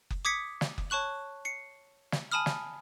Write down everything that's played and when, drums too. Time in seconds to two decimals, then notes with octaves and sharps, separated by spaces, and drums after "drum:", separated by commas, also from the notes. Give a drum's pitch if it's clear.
0.10 drum: kick F#1
0.25 D6 D#6 G#6 B6 C#7
0.61 drum: snare
0.78 drum: kick F#1
0.90 C#5 A5 C#6 F#6 F#7
1.45 C7 C#7
2.12 drum: snare
2.32 G#5 A5 B5 D#6 F6
2.46 drum: snare